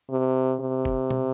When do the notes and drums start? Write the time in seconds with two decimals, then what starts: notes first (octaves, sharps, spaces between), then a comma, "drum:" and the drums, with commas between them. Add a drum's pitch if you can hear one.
0.10 C3
0.60 C3
0.85 drum: kick
1.11 drum: tom B2